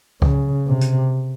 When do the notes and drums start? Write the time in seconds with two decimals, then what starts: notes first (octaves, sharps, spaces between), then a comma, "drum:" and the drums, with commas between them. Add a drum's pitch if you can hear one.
0.22 C#3, drum: kick C#2
0.67 C3
0.81 drum: hi-hat